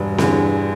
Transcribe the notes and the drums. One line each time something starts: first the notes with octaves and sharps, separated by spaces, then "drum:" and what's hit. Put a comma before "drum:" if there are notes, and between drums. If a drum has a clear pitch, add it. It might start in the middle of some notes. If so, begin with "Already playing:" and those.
Already playing: E1 G2
E2 D3, drum: snare C4